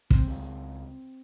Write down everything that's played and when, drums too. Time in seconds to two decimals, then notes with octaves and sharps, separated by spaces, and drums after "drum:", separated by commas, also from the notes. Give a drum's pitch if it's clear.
0.11 C4, drum: kick
0.27 C#2 C#3